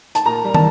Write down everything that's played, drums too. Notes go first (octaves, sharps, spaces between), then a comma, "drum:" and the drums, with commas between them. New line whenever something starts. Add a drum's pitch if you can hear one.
A5, drum: hi-hat
A#2 A#5
G3
A5, drum: tom